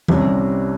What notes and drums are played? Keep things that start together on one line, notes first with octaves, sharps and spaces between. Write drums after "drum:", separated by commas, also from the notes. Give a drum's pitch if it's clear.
C2 C3 G3 C#4, drum: tom E3